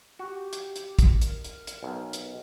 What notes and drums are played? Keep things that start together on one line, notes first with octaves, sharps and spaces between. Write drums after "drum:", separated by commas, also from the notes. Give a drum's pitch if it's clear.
F#4 G4
drum: hi-hat
drum: hi-hat
drum: kick, hi-hat
A#4, drum: hi-hat
drum: hi-hat
drum: hi-hat
B1
drum: hi-hat